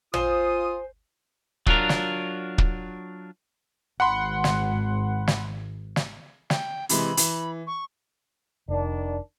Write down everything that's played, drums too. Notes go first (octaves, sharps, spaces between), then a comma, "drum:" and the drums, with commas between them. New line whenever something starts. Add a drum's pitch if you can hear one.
F4 C5 G#5 D#6, drum: tom
F#3 D4 F4 A#4, drum: kick
drum: snare
drum: kick
G#1 F#5 B5 C6
drum: snare
drum: snare
drum: snare
G5, drum: snare
C3 E3 G#3 B5, drum: hi-hat
E3, drum: hi-hat
C#6
F1 D#3 D4